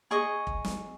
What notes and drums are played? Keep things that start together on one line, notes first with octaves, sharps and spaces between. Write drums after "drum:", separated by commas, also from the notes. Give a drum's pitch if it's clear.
G#4 D#5 C#6
drum: kick F1
drum: snare